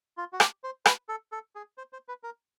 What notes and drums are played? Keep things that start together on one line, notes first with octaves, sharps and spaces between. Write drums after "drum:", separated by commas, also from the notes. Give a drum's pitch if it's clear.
F4
F#4
G4, drum: rim click
C5
B4, drum: rim click
A4
A4
G#4
C5
C5
B4
A#4